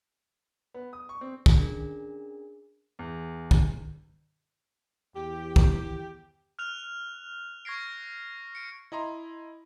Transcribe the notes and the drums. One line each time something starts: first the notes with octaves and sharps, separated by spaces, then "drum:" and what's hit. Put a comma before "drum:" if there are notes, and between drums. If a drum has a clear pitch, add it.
B3
D#6
C#6
C4
drum: kick
C#4 D4 G#4 A#4
E2
drum: kick
E2 G4
drum: kick
F6 F#6 F7
C#6 G#6 A#6 C7 D7
C#7 D7
E4 D#5 A#5 C6